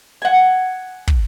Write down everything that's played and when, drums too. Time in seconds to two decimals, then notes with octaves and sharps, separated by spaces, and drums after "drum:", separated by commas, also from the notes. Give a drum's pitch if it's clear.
0.22 F#5 G#5
1.08 drum: kick